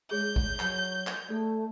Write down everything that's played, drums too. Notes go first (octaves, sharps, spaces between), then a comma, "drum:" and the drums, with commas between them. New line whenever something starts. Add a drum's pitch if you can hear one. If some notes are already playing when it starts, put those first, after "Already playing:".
G#3 G#4 C#5 G6
drum: kick
F#3, drum: clap
drum: clap
A3 A4 D5